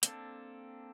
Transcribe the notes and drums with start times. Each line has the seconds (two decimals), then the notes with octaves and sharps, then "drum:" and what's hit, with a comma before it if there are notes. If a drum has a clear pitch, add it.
0.03 A#3 C4 D4 A4, drum: hi-hat